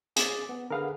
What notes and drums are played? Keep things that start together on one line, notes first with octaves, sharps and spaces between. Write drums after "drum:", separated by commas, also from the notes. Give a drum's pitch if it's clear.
G#4 D6 A6, drum: hi-hat
B3
D3 G#4 A#4 B4 F5 F#5